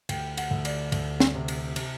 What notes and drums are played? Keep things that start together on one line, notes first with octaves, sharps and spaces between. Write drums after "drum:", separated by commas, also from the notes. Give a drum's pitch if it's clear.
D2 G5, drum: cymbal
F#5, drum: cymbal
D2
D5, drum: cymbal
D2, drum: cymbal
drum: snare
C3
drum: cymbal
C3, drum: cymbal